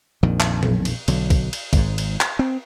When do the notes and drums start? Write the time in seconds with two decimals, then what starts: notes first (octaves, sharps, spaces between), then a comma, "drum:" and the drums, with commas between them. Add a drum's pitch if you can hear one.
0.23 A#1 F2 A#2 D#3
0.40 drum: clap
0.63 drum: tom
0.85 drum: cymbal
1.08 B1 D3 F#3, drum: cymbal
1.30 drum: kick B1, cymbal
1.53 drum: cymbal
1.73 G#1 G#2, drum: kick B1, cymbal
1.98 drum: cymbal
2.21 drum: clap
2.39 C4